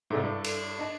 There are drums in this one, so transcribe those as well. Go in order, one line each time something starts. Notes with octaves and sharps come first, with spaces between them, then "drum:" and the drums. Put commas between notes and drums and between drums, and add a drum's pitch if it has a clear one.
G#2 C3 E4 A4 D5
G2
drum: cymbal
D4 D#5 A5